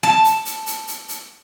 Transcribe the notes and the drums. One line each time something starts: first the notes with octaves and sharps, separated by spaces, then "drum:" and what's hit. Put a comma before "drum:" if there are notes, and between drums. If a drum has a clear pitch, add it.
A5, drum: snare
drum: hi-hat
drum: hi-hat
drum: hi-hat
drum: hi-hat
drum: hi-hat